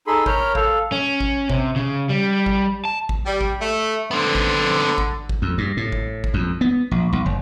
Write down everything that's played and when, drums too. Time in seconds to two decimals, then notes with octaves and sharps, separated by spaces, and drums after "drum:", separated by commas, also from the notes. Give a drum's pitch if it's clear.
0.07 D#4 G#4 A4 B5 C6
0.26 A#4 C#5 B5 F6 G6, drum: kick
0.55 A4 F5, drum: kick
0.92 C#4
1.20 drum: kick
1.49 C3, drum: kick
1.76 C#3
2.09 G3
2.46 drum: kick
2.85 A5
3.09 drum: kick
3.26 G3
3.41 drum: kick
3.61 A3
4.11 D3 B3 C4
4.35 drum: kick
4.98 drum: kick
5.29 drum: kick
5.42 F2
5.58 G2
5.77 A2
5.92 drum: kick
6.24 drum: kick
6.34 F2
6.61 B3
6.91 A#1
7.13 B1
7.26 F#1